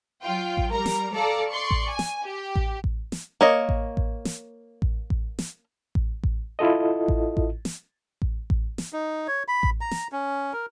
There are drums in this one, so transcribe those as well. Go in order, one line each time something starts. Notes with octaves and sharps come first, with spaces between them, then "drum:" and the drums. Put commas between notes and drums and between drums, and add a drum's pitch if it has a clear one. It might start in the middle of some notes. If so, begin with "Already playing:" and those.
F#3 F4 G5
drum: kick A1
G3 A#4 A#5
drum: snare
A4 D5 F5 A5 A#5
D5 C6 C#6
drum: kick A1
G#5
drum: snare
G4
drum: kick A1
drum: kick A1
drum: snare
A#3 C#5 D#5
drum: kick A1
drum: kick A1
drum: snare
drum: kick A1
drum: kick A1
drum: snare
drum: kick A1
drum: kick A1
E4 F4 A4 D#5
drum: kick A1
drum: kick A1
drum: snare
drum: kick A1
drum: kick A1
drum: snare
D#4
C#5
B5
drum: kick A1
A#5
drum: snare
C#4
A#4